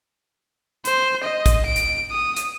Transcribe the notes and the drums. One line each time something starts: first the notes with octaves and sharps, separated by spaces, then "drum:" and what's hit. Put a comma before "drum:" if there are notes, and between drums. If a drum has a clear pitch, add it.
C5, drum: hi-hat
D#5
drum: kick, hi-hat
D7
drum: hi-hat
D#6
drum: hi-hat